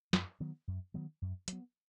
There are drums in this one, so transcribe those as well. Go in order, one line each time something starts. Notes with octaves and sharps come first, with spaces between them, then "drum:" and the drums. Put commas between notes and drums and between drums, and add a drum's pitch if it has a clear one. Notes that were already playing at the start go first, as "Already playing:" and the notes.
F#2, drum: snare
D#3 F#3 B3
F#2
D#3 F#3 B3
F#2
F#3 B3, drum: hi-hat